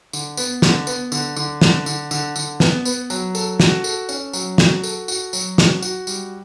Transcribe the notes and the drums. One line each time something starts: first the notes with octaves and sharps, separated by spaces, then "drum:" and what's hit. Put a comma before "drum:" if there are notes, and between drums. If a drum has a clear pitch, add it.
D3, drum: tambourine
B3, drum: tambourine
D3, drum: snare
B3, drum: tambourine
D3, drum: tambourine
D3, drum: tambourine
D3, drum: snare
D3, drum: tambourine
D3, drum: tambourine
D3, drum: tambourine
B3, drum: snare
B3, drum: tambourine
F#3, drum: tambourine
A4, drum: tambourine
F#4, drum: snare
A4, drum: tambourine
C#4, drum: tambourine
F#3, drum: tambourine
F#4, drum: snare
A4, drum: tambourine
F#4, drum: tambourine
F#3, drum: tambourine
F#4, drum: snare
F#4, drum: tambourine
G3, drum: tambourine